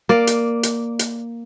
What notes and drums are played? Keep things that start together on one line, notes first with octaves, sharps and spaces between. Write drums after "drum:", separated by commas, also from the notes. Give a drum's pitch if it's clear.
A#3 D5
drum: hi-hat
drum: hi-hat
drum: hi-hat